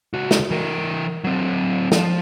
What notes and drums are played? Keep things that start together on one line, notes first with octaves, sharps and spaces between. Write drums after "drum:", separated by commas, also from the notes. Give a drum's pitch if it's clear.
C#2 F#4
drum: snare
E3 A#4
F#3 C4
F3, drum: snare